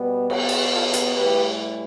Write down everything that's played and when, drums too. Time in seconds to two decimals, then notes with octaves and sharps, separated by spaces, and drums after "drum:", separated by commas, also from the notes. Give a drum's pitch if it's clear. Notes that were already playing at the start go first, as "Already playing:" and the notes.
Already playing: B2 G3 B3
0.30 E2 B2 B3, drum: cymbal
0.49 drum: cymbal
0.73 F4 A4
0.93 drum: hi-hat
1.16 A2 E3 G3 G4 B4